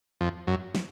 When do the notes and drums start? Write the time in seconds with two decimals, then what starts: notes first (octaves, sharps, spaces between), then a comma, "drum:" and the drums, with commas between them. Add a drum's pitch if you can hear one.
0.21 F2
0.47 F#2
0.75 drum: snare